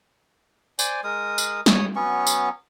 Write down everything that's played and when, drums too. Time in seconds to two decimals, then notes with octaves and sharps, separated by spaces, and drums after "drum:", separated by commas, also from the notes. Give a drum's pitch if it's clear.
0.79 C5 D5 G#5, drum: tambourine
1.04 G#3 A#4 D#6
1.38 drum: tambourine
1.66 C#5 D#6, drum: snare
1.96 F#3 B3 C#4 C#6
2.27 drum: tambourine